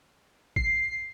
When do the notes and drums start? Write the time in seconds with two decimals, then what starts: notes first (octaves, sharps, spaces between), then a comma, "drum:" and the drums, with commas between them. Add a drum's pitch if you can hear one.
0.56 C7, drum: kick